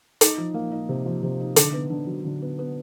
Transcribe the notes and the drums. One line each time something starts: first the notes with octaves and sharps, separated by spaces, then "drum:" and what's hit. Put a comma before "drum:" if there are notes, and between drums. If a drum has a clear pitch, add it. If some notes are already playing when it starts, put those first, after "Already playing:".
D#4, drum: hi-hat
F3
A#3
D#4
C3
F3
C3
D#4
D3, drum: hi-hat
B3
D3
F#3
D3
B3
B3